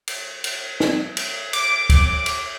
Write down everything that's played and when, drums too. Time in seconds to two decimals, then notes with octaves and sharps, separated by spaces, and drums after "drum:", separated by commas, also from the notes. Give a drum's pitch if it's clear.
0.08 drum: cymbal
0.44 drum: cymbal
0.80 drum: snare
1.17 drum: cymbal
1.53 D6, drum: cymbal
1.90 drum: kick, cymbal
2.26 drum: cymbal